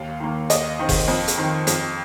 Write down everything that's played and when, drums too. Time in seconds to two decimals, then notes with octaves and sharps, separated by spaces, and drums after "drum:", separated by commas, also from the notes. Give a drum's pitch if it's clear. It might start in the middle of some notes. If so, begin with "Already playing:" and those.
Already playing: D#2 F5
0.20 D#3 A#3
0.50 D#2 D#5, drum: hi-hat
0.79 D#3 C4
0.89 drum: kick F#1, open hi-hat
1.08 F2
1.28 drum: hi-hat
1.38 D#3 C4
1.67 F2, drum: hi-hat